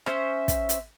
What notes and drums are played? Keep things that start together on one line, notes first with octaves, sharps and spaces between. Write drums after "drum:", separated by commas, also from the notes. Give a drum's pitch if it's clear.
C#4 C5 E5, drum: rim click
drum: kick, hi-hat
drum: hi-hat